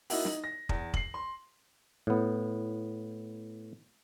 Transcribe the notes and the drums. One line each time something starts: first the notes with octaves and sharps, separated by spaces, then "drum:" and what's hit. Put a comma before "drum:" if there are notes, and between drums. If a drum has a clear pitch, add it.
A#3 D#4 E4 F#4, drum: open hi-hat
D#4, drum: snare
A#6
E2, drum: kick
C7 F#7, drum: kick
C6
A2 B3